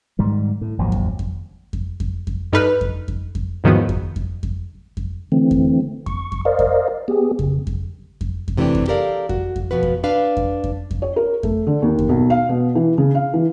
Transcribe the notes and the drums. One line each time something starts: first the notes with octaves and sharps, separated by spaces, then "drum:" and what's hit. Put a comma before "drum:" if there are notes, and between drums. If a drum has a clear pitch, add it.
G#2 D#3 G3
A2
G#1 D#2 F3 F#3
drum: kick F2
drum: kick F2
drum: kick F2
drum: kick F2
drum: kick F2
G2 D#4 A4 B4 F6
drum: kick F2
drum: kick F2
drum: kick F2
E2 G#2 D#3 F3 F#3 B3
drum: kick F2
drum: kick F2
drum: kick F2
drum: kick F2
D3 E3 A3 C4
drum: kick F2
C#6, drum: kick F2
drum: kick F2
A#4 C5 D5 D#5 F5
drum: kick F2
B3 G4 G#4
C#3, drum: kick F2
drum: kick F2
drum: kick F2
drum: kick F2
C3 E3 A3 D4 G4
drum: kick F2
G4 A4 A#4 D5 F5
F#4, drum: kick F2
drum: kick F2
B2 F3 F#4 B4
drum: kick F2
D4 B4 F5
drum: kick F2
drum: kick F2
drum: kick F2
C#5
A#4
A3, drum: kick F2
D3
D#2
drum: kick F2
B1
F5
B2
E3
C#3
F5
E3